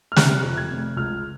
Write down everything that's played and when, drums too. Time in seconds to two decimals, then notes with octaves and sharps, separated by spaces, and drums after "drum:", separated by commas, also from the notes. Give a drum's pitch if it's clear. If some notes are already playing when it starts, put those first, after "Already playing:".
0.12 F6
0.16 C3 F#6, drum: snare
0.43 F2
0.57 G#6
0.71 F1
0.97 C#2 F6